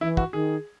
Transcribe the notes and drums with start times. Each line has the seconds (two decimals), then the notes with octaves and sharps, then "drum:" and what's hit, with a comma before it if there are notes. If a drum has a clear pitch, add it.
0.01 E3 E4
0.17 F#4, drum: kick
0.33 D#3 G#4